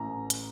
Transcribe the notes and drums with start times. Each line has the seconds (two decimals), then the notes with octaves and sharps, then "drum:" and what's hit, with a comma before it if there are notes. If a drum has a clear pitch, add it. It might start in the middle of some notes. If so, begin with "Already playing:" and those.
Already playing: A1 A#5
0.30 drum: hi-hat